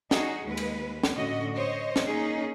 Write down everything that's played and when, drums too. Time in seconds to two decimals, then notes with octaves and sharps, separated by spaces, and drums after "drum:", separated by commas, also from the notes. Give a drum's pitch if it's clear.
0.11 D#4 F#4 G#4, drum: snare
0.47 D#2 G#3 B4
0.57 drum: cymbal
1.03 drum: snare
1.16 A2 D3 C#4 F#4 D#5
1.54 C5 C#5 D#5
1.96 drum: snare
2.08 A#3 C#4 D#4 G#4